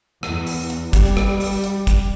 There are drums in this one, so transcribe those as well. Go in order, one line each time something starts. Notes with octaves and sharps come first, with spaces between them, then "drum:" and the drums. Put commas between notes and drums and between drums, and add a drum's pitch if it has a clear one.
E2, drum: rim click
drum: open hi-hat
drum: hi-hat
G3, drum: kick, hi-hat
drum: rim click
drum: open hi-hat
drum: hi-hat
drum: kick, hi-hat